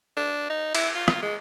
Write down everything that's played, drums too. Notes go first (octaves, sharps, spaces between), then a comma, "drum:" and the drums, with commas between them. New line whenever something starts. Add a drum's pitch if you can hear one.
D4
D#4
E4, drum: cymbal
F4
drum: rim click
G#3